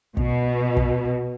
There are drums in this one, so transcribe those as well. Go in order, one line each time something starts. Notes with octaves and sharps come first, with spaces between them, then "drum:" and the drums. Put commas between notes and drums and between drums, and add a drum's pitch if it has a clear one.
B2, drum: kick
drum: kick